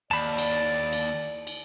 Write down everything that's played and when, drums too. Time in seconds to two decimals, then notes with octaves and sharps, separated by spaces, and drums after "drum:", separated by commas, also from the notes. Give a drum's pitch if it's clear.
0.11 D#2 D5 A5 B5
0.38 drum: cymbal
0.93 drum: cymbal
1.47 drum: cymbal